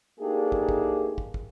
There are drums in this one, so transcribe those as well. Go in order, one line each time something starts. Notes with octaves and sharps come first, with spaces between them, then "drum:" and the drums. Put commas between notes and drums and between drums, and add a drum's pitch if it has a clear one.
A3 A#3 D4 D#4 G4 G#4
drum: kick
drum: kick
drum: kick
drum: kick